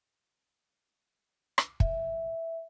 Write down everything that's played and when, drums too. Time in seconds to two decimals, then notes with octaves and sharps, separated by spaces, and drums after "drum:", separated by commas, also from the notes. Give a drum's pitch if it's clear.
1.58 drum: rim click
1.80 E5, drum: kick